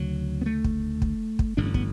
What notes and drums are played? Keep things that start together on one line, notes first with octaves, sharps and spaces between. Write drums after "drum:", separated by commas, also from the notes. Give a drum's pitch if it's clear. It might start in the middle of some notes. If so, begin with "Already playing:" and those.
Already playing: D2 C#3 F#3
B3
A3
drum: kick
drum: kick
drum: kick
A1 G2 D3 D4
C#4
B3, drum: kick